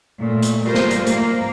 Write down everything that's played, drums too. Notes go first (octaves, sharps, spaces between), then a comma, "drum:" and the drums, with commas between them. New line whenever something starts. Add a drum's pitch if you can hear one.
A#2 A3
drum: hi-hat
G3 F4 A#4 C5
drum: snare
drum: hi-hat
A#3, drum: hi-hat